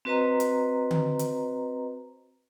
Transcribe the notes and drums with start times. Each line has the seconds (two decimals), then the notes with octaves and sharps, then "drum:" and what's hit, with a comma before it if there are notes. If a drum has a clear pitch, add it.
0.05 C4 F#4 B4 C5 D#5 A#5
0.40 drum: hi-hat
0.91 drum: tom D3
1.19 drum: hi-hat